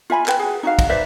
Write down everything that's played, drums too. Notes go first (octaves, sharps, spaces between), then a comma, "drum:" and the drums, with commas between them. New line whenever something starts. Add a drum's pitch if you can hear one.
F4 E5 G#5 B5
B4 G5, drum: clap
F#4 G#4
D#4 F#4 F5
drum: kick, cymbal
B4 C5 D5 E5